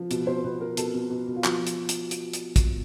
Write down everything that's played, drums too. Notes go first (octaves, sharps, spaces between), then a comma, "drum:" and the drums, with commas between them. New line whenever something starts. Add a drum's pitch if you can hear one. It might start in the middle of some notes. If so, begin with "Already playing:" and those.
Already playing: F3
B2, drum: hi-hat
B2 C5
B2 B4
B2 A#4
B2 A4, drum: hi-hat
B2
B2
B2
F4
F3 F#4, drum: clap
drum: hi-hat
drum: hi-hat
drum: hi-hat
drum: hi-hat
drum: kick, hi-hat